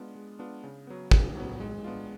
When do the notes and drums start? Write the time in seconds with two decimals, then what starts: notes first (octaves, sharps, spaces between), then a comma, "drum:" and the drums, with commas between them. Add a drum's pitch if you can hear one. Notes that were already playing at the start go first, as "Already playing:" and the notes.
Already playing: G#3 B3 D4 F4
0.15 G#3
0.39 B3 D4 F4
0.64 C#3
0.87 F#3 B3
1.11 C#3, drum: kick
1.36 F#3 B3
1.60 G#3
1.84 B3 D4 F4